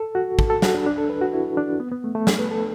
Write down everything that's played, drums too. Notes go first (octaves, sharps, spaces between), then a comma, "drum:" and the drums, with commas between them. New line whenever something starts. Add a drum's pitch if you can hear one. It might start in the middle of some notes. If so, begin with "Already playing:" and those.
Already playing: A4
F#4
A4, drum: kick
A4
F#4, drum: snare
D4
D4
A4
B4
F#4
E4
D4
B3
B3
A3
A3
A4, drum: snare
B4
A4